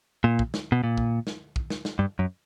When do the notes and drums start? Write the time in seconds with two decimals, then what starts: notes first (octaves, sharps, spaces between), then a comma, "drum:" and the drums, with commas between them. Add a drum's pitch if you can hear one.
0.24 A#2
0.39 drum: kick
0.54 drum: snare
0.72 B2
0.84 A#2
0.98 drum: kick
1.27 drum: snare
1.56 drum: kick
1.70 drum: snare
1.85 drum: snare
1.99 G2
2.19 F#2